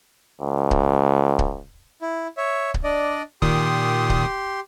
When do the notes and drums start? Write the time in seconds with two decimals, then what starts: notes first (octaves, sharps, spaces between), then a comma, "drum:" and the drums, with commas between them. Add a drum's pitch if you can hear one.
0.41 C#2
0.71 drum: kick C#1
1.39 drum: kick C#1
2.02 E4
2.37 C#5 E5
2.74 drum: kick C#1
2.84 D4 D5 D#5
3.42 A#2 D#3 G4 C6 D#6, drum: kick C#1
4.10 drum: kick C#1